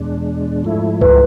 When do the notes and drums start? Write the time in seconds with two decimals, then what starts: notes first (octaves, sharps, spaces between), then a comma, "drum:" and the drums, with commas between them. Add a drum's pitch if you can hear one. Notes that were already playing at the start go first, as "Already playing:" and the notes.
Already playing: E2 B2 G#3 D4
0.64 G#2 F3 A3 E4
1.01 B4, drum: kick C#2